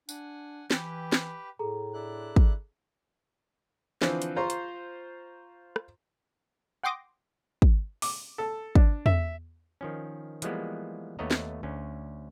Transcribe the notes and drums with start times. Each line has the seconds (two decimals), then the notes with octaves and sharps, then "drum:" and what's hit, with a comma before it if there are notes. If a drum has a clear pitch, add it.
0.09 D4 F#5 G#5, drum: tambourine
0.71 E3 G4 B4 G5, drum: snare
1.12 drum: snare
1.59 A2 G#4 A4 A#5
1.94 D4 E4 F#6
2.36 drum: kick
4.02 D3 E3 F3 C4, drum: snare
4.22 drum: hi-hat
4.36 F4 C5 A#5 C6 C#6
4.50 drum: hi-hat
5.76 drum: rim click
6.83 F#5 G5 C6 D6 D#6 A#6
7.62 drum: kick
8.02 D6, drum: open hi-hat
8.38 A4
8.75 D4, drum: kick
9.06 E5, drum: tom E2
9.81 D#3 F3 C#4
10.42 E3 F3 G3 G#3 A#3 B3, drum: hi-hat
11.19 D#2 A3 B3 C#5 D#5 A#5
11.31 drum: snare
11.63 D2 C#4